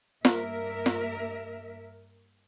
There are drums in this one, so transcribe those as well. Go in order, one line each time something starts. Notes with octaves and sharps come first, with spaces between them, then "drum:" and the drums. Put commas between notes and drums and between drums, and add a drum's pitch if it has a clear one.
G2 A#3 A#4 E5, drum: snare
drum: snare